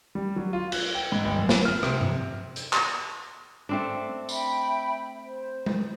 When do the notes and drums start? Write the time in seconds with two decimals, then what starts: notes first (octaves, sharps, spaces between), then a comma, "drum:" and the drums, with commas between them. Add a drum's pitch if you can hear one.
0.15 G3
0.36 F#3
0.53 F4
0.72 F#6, drum: cymbal
0.95 G5
1.12 G#2
1.25 G1
1.39 F#2
1.49 drum: snare
1.65 F6
1.83 C3, drum: rim click
2.01 drum: tom G2
2.56 drum: hi-hat
2.73 drum: clap
3.69 A3 C4 D4
4.29 E5 G5 B5, drum: tambourine
5.25 C5
5.66 drum: tom G#3